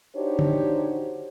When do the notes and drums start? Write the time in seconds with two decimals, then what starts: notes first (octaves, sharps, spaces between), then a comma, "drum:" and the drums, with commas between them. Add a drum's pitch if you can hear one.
0.16 D4 D#4 F#4 G4 C5 C#5
0.39 drum: tom D3